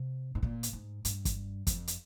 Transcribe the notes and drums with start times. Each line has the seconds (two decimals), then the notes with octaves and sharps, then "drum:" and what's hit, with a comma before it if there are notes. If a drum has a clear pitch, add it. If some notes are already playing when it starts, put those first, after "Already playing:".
Already playing: C3
0.35 G#2
0.42 A#2, drum: kick
0.63 drum: hi-hat
0.73 G#2
1.05 G2, drum: hi-hat
1.25 drum: kick, hi-hat
1.67 F2, drum: kick, hi-hat
1.88 drum: hi-hat